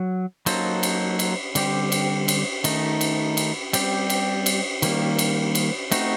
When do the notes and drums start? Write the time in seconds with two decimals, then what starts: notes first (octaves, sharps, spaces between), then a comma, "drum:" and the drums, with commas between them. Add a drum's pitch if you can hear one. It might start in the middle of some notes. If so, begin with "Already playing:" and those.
Already playing: F#3
0.46 F#3 A#3 D#4 A4 C5, drum: cymbal
0.83 drum: cymbal
1.19 drum: cymbal
1.55 D3 G3 C4 G4, drum: cymbal
1.92 drum: cymbal
2.28 drum: cymbal
2.64 D#3 A3 D#4, drum: cymbal
3.01 drum: cymbal
3.37 drum: cymbal
3.73 G3 C4 G4, drum: cymbal
4.10 drum: cymbal
4.46 drum: cymbal
4.82 D#3 G3 A#3, drum: cymbal
5.19 drum: cymbal
5.55 drum: cymbal
5.92 A3 C4 D#4 F#4, drum: cymbal